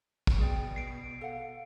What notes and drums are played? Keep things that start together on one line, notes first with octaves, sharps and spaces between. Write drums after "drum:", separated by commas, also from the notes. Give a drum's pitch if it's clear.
drum: kick
B2 G#4 D5 G5
C7 D7
A4 F5 F#5